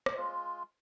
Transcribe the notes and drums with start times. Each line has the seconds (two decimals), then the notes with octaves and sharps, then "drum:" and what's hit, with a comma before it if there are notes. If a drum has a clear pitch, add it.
0.06 drum: rim click
0.17 G#3 F4